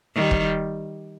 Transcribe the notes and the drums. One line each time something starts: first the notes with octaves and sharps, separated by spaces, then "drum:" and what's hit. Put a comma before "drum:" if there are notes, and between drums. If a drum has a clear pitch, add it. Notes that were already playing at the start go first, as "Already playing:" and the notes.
D#3 G3
drum: kick